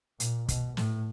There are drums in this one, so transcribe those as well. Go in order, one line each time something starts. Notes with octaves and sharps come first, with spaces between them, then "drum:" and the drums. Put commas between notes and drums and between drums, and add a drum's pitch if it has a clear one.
A#2, drum: hi-hat
B2, drum: kick, hi-hat
A2, drum: snare